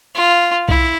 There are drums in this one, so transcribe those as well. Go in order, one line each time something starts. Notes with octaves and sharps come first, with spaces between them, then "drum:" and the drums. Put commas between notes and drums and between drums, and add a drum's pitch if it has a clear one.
F4
E4, drum: kick B1